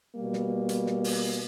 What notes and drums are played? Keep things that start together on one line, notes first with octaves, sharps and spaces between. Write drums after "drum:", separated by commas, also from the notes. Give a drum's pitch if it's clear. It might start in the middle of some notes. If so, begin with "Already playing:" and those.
B2 G3 A#3
drum: snare
drum: hi-hat
drum: snare
drum: open hi-hat